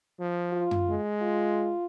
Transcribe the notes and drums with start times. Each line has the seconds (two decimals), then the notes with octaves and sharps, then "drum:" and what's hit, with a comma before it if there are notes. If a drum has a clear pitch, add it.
0.20 F3
0.53 F4
0.71 drum: tom F#2
0.90 G#3
1.21 F4